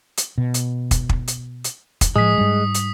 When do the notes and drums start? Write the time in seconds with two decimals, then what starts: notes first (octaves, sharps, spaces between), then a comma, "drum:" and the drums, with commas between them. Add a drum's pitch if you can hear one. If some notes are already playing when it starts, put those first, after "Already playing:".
0.18 drum: hi-hat
0.38 B2
0.54 drum: hi-hat
0.91 drum: kick, hi-hat
1.09 drum: kick
1.28 drum: hi-hat
1.64 drum: hi-hat
2.01 drum: kick, hi-hat
2.16 A2 F3 G#3 D#6 B6
2.38 G#2 G3
2.75 drum: hi-hat